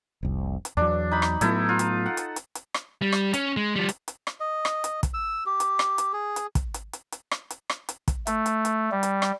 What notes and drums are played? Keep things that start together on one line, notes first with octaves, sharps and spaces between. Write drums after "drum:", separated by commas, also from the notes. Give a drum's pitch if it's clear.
F1 C2
drum: hi-hat
E2 F#3 D4
D#4 B5
drum: rim click
A2 F#3 B3 D#4 E4 A4, drum: hi-hat
F4
drum: hi-hat
F#5
drum: hi-hat
drum: hi-hat
drum: hi-hat
drum: rim click
G3
drum: rim click
C#4, drum: hi-hat
G#3
F3 G3
drum: hi-hat
drum: hi-hat
drum: rim click
D#5
drum: rim click
drum: hi-hat
drum: kick, hi-hat
E6
G4
drum: hi-hat
drum: rim click
drum: hi-hat
G#4
drum: hi-hat
drum: kick, hi-hat
drum: hi-hat
drum: hi-hat
drum: hi-hat
drum: rim click
drum: hi-hat
drum: rim click
drum: hi-hat
drum: kick, hi-hat
A3, drum: hi-hat
drum: hi-hat
drum: hi-hat
G3
drum: hi-hat
drum: rim click